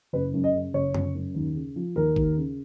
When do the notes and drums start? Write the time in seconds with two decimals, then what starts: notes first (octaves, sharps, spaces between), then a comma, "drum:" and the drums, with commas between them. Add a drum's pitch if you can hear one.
0.13 F#1 B4
0.34 F#2
0.44 D#5
0.54 C#3
0.74 F#1 C#5
0.95 F#1, drum: tom
1.15 F#2
1.35 D#2
1.55 C#3
1.76 F3
1.96 D#2 A#4
2.16 D#2, drum: kick G#1
2.37 C#3